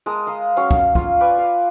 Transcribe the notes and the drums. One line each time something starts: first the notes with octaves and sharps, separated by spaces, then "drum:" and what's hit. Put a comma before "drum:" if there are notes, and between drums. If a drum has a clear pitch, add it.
G#3 A#4 A5 D#6
D#5 F5 A#5
F#3 C#4 C#5 F5
drum: kick
F4, drum: kick
B4 D5 G#5
F5 D6